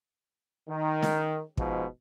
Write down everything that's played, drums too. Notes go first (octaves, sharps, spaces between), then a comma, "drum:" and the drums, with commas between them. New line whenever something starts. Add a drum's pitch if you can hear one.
D#3
drum: snare
G#2 B2 F3, drum: kick